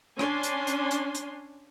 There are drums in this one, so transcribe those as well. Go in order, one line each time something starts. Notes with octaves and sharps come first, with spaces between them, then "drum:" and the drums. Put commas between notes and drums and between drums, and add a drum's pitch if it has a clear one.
C#4 D4 G#5 C6, drum: rim click
drum: hi-hat
drum: hi-hat
drum: hi-hat
drum: hi-hat